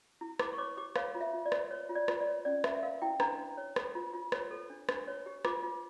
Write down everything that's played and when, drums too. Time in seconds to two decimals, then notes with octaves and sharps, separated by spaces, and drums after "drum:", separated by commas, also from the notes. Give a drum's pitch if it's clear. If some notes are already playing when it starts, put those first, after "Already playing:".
0.21 E4
0.40 E4 D6, drum: rim click
0.53 C#6
0.58 C#5 D6
0.77 G4 D6
0.96 C#5 F5, drum: rim click
1.15 F4
1.21 E5
1.33 F4
1.46 D5
1.52 C#5, drum: rim click
1.71 C#5
1.89 F4
1.95 D5
2.08 F4, drum: rim click
2.20 D5
2.27 C#5
2.45 C#4 D5
2.64 C#4 E5, drum: rim click
2.75 E5
2.83 A#4 F5
3.02 E4 G5
3.20 D4 A#5, drum: rim click
3.39 D4
3.57 C#5
3.76 A4, drum: rim click
3.95 F4
4.13 F4
4.32 C#5, drum: rim click
4.51 A4
4.70 D4
4.89 D4, drum: rim click
5.07 C#5
5.26 G4
5.45 F4 D6, drum: rim click
5.63 F4